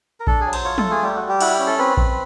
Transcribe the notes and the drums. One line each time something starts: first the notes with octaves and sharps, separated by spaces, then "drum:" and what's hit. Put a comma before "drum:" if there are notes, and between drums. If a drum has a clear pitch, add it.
A#4
D4 A4, drum: kick A#1
G#4
F#3
C5, drum: cymbal
F4 C#5
A4, drum: tom
A3
G#4
G3 G4
F#4
G3
G4
E4 F#4, drum: cymbal
G4
C#4
A4
C4 B4
C4, drum: kick A#1